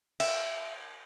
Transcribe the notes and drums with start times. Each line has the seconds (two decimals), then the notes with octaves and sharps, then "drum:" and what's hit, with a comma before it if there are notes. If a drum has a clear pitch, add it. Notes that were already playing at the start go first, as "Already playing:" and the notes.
0.20 E5, drum: cymbal